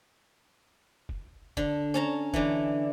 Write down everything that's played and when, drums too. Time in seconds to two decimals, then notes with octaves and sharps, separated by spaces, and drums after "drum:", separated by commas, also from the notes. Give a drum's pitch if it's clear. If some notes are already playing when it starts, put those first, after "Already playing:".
1.09 drum: kick
1.57 D3, drum: kick
1.94 C#4 A5 A#5
2.34 D3 E3, drum: kick